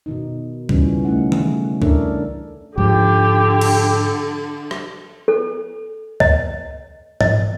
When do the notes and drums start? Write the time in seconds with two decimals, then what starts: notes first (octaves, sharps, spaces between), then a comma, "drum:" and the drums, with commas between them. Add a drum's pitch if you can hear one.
0.06 B2 D#3 D#4
0.69 C#3 E3 G3 C#4 E4 F4, drum: kick C#2
1.05 A3 C#4 D#4 F#5
1.32 drum: tom D#3
1.82 D4 A4 A#4 C#5 D5 E5, drum: kick C#2
2.78 G#2 D3 F3 G4
3.61 drum: cymbal
4.71 drum: rim click
5.28 A4
6.20 D#5, drum: kick C#2
7.21 D#5, drum: tom G#2